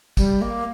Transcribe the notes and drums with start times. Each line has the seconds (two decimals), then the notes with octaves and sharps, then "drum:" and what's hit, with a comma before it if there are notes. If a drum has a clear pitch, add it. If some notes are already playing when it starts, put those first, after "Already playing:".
0.17 G3, drum: kick, tambourine
0.41 A#3